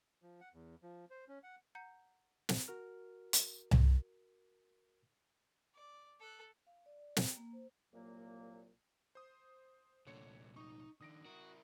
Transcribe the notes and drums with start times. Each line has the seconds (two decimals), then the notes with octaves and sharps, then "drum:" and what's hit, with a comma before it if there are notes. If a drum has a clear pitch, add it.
0.22 F3
0.41 F#5
0.54 E2
0.83 F3
1.10 C5
1.28 C#4
1.43 F#5
1.75 F#5 A#5 G6 C#7
2.49 drum: snare
2.68 F#4 A#4 F6
3.33 drum: hi-hat
3.71 drum: tom C2
5.74 D5
6.20 A4 F#6
6.67 F5
6.86 D5
7.00 D5
7.16 G5, drum: snare
7.37 A#3
7.53 C5
7.93 C2 A#2 F#3 A#3
9.15 C5 D#6
10.07 C2 A#2 D3 C#5 C#7
10.56 D#4 C#6
11.01 D#3 D4 D#6 A#6 D7
11.26 E4 F#4 A#4